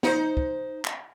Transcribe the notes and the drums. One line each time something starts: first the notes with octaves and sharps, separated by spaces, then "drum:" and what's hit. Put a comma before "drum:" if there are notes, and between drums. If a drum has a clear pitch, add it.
D#4 C5, drum: snare
drum: kick
drum: clap